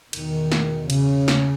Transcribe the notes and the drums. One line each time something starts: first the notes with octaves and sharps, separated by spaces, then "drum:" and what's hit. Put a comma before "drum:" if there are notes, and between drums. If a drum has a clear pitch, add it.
E2 B2 D#3, drum: cymbal
drum: snare
C#3, drum: cymbal
drum: snare